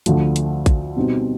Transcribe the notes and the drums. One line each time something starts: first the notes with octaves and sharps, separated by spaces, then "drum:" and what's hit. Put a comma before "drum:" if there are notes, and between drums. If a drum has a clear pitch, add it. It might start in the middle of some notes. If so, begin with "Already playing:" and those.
D2 D3 F3 A3, drum: hi-hat
drum: hi-hat
drum: kick A1, hi-hat
B2 G3 C4 D#4